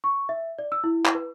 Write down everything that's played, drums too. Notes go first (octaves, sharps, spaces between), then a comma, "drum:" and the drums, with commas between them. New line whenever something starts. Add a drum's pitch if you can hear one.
C#6
E5
D5
E6
E4
drum: clap
B4